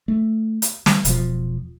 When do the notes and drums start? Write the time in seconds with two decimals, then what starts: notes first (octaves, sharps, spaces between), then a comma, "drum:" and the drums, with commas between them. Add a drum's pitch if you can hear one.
0.08 A3
0.62 drum: hi-hat
0.86 G3, drum: snare
1.05 E1 B2 F3, drum: hi-hat